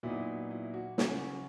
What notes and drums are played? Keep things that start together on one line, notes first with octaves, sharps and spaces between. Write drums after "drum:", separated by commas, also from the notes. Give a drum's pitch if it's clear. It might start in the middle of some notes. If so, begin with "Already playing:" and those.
A#2 F#3 B3 D#4 E4
E4
F#4
C#3 F#3 C#4, drum: snare